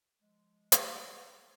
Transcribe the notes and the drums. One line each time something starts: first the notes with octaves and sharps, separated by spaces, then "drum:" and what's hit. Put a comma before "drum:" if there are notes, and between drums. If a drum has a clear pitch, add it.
F3 G#3
drum: hi-hat